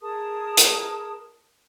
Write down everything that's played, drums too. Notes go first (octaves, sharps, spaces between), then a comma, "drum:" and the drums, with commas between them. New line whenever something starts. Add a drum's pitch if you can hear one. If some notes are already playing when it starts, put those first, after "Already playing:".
G#4 A#4 A5 D#6
drum: hi-hat